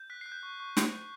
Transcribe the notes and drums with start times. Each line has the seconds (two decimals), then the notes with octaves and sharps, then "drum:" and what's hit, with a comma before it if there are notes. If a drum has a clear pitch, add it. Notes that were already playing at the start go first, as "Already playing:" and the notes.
Already playing: G6
0.10 F#6 B6
0.21 F#6 C7
0.32 G6
0.43 C#6
0.60 C#6
0.77 G6, drum: snare
0.93 G6